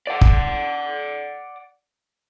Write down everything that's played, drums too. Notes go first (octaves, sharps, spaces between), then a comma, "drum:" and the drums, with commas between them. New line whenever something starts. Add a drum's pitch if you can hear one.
D5 F#5
drum: kick